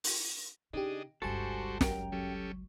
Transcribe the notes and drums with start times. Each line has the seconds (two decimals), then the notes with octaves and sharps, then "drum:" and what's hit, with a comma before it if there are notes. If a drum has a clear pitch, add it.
0.04 drum: open hi-hat
0.73 C#3 D4 D#4 G4 G#4 D#5
1.22 G1 C#2 G3 F#4 A4 C5 G#5 C#6
1.81 F#2 G4 A#4 G5, drum: snare
2.12 F#3 C#4 G4 A4